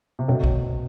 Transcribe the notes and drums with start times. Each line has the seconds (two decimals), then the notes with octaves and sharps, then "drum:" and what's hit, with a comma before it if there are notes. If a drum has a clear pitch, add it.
0.19 C3
0.28 F#2 B2 D3 F#3 A3 C4
0.44 drum: kick